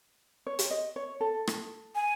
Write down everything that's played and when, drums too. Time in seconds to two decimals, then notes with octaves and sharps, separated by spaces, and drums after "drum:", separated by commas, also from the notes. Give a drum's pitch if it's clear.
0.47 C#5
0.59 drum: hi-hat
0.71 D#5
0.96 C#5
1.21 A4
1.47 drum: rim click
1.95 G#5